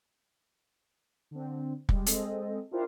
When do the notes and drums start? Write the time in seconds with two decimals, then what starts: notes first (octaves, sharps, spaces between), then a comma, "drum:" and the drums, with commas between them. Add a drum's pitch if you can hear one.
1.31 D3 C4
1.89 G3 G#3, drum: kick
2.06 G#3 C4 A4 D#5, drum: hi-hat
2.71 D4 E4 F4 G4 A#4 C5